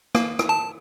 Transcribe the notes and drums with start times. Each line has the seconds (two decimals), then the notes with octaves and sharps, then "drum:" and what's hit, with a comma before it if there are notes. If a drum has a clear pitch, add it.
0.15 A#3, drum: rim click
0.39 drum: rim click
0.49 A5